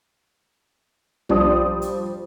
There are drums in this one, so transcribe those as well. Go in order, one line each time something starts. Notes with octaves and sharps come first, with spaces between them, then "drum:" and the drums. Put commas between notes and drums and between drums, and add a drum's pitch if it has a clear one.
F3 G3 D4 C5 D5 D#6, drum: tom B1
drum: hi-hat